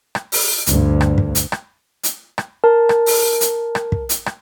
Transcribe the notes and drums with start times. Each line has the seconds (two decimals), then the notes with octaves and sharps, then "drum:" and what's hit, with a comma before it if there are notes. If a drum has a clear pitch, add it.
0.15 drum: rim click
0.32 drum: open hi-hat
0.66 D2 G2 D3, drum: hi-hat
1.01 drum: rim click
1.18 drum: kick
1.35 drum: hi-hat
1.52 drum: rim click
2.03 drum: hi-hat
2.38 drum: rim click
2.64 A#4 A5
2.89 drum: rim click
3.06 drum: open hi-hat
3.41 drum: hi-hat
3.75 drum: rim click
3.92 drum: kick
4.09 drum: hi-hat
4.26 drum: rim click